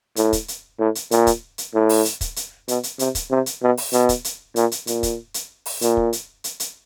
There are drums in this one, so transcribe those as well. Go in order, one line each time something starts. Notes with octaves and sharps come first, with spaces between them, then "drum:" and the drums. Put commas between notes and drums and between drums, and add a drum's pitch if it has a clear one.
A2, drum: hi-hat
drum: kick, hi-hat
drum: hi-hat
A2
drum: hi-hat
A#2, drum: hi-hat
drum: kick, hi-hat
drum: hi-hat
A2
drum: open hi-hat
drum: hi-hat
drum: kick, hi-hat
drum: hi-hat
B2, drum: hi-hat
drum: hi-hat
C3, drum: hi-hat
drum: kick, hi-hat
C3
drum: hi-hat
B2
drum: open hi-hat
B2, drum: hi-hat
drum: kick, hi-hat
drum: hi-hat
A#2, drum: hi-hat
drum: hi-hat
A#2, drum: hi-hat
drum: kick, hi-hat
drum: hi-hat
drum: open hi-hat
A#2, drum: hi-hat
drum: kick
drum: hi-hat
drum: hi-hat
drum: hi-hat